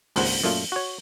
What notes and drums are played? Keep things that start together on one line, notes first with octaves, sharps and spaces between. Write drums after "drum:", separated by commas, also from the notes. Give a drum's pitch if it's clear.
G#1 C#2 A#2 C5 F#5, drum: open hi-hat
F#2 A#2 A3 F4
F#4 C#5